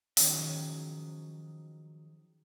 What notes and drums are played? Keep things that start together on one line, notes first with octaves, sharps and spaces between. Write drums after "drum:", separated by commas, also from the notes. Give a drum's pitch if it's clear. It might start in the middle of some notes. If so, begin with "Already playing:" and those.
D#3 F3 F#3 G#3 C#4, drum: open hi-hat